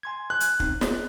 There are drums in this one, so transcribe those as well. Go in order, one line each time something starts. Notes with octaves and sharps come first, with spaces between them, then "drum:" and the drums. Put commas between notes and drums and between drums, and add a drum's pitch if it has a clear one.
G#5 C6 G#6
F#6
drum: hi-hat
C4 D#4, drum: kick
C4 G#4 D#5, drum: snare